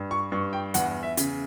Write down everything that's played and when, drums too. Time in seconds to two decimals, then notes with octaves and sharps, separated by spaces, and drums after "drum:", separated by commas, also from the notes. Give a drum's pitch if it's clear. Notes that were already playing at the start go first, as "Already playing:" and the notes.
Already playing: G2
0.11 C#6
0.32 G2 C#6
0.53 G5
0.74 E2 F#5, drum: hi-hat
1.03 E5
1.17 C#3, drum: hi-hat